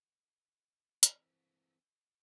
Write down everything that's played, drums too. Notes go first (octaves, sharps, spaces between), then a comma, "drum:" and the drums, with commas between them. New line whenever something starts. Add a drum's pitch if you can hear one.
E3 C4, drum: hi-hat